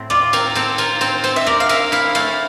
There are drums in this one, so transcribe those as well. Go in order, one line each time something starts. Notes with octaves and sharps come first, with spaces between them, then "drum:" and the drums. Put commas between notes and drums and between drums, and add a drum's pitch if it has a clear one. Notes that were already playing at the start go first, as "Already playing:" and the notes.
Already playing: A2 C4
F4 D5, drum: rim click
C4 A#4, drum: cymbal
C4 A4, drum: cymbal
F4 A#4, drum: cymbal
C4 C5, drum: cymbal
C4 C5, drum: cymbal
E5
A#4 D5, drum: rim click
F5
A#4 E5, drum: cymbal
E4 F5, drum: cymbal
A3 F5, drum: cymbal